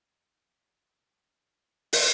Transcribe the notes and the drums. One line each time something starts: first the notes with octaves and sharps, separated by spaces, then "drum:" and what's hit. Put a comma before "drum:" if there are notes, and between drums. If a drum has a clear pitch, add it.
F2 C4
D4
D#3
F4
F2 G4
D#3
F2
drum: open hi-hat